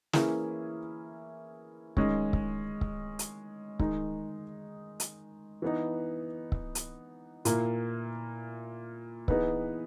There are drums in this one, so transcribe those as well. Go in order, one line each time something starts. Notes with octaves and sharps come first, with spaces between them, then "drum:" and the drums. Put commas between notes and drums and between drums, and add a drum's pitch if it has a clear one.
E3 A#3 C#4 E4 G#4, drum: snare
D#3 G#3 C#4, drum: kick C#1
drum: kick C#1
drum: kick C#1
drum: hi-hat
D#3 G#3 D#4, drum: kick C#1
drum: hi-hat
E3 B3 D#4
drum: kick C#1
drum: hi-hat
A#2 A#3 E4, drum: hi-hat
E3 B3 D#4 G#4 B4, drum: kick C#1